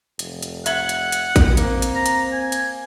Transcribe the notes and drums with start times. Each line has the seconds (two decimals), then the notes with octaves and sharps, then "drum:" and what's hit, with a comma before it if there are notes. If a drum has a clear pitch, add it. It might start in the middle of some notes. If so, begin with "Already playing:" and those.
0.19 F1, drum: hi-hat
0.42 drum: hi-hat
0.66 E5 F#5 G#6 F#7, drum: hi-hat
0.89 drum: hi-hat
1.12 drum: hi-hat
1.36 drum: kick A1, hi-hat
1.57 A#3 C4, drum: hi-hat
1.82 drum: hi-hat
1.95 A#5
2.06 drum: hi-hat
2.32 G#5
2.52 drum: hi-hat